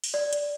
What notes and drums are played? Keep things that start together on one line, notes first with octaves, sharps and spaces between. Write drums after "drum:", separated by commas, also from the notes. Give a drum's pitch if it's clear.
drum: open hi-hat
D5
drum: hi-hat